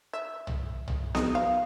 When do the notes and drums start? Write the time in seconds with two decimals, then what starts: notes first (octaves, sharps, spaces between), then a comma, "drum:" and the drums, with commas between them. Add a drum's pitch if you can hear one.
0.13 E5
0.47 drum: tom
0.88 drum: tom
1.15 D#5, drum: snare B3
1.35 F5